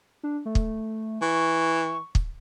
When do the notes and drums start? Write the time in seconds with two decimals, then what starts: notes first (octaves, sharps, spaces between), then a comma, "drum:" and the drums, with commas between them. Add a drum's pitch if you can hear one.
0.23 D4
0.46 A3
0.55 drum: kick
1.22 E3 C#6
2.15 drum: kick